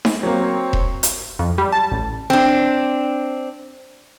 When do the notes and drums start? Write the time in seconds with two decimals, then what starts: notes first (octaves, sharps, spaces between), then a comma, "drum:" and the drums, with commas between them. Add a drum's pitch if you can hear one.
0.05 drum: snare D#4
0.23 F#3 A#3 C4 C#5
0.73 drum: kick E1
1.03 drum: hi-hat
1.39 F2
1.58 G3
1.72 A5
1.92 A1
2.30 C4 D4